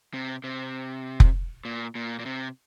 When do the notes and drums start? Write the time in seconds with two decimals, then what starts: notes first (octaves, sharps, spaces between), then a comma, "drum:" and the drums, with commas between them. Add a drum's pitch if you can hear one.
0.14 C3
0.44 C3
1.20 drum: kick F1
1.65 A#2
1.95 A#2
2.19 A#2
2.26 C3